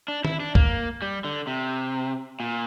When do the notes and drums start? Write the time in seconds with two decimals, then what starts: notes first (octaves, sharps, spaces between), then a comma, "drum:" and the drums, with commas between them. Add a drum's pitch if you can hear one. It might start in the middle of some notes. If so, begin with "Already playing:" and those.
0.08 D4
0.25 E4, drum: tom D#3
0.40 D4
0.55 A#3, drum: kick
1.02 G3
1.24 D3
1.47 C3
2.40 A#2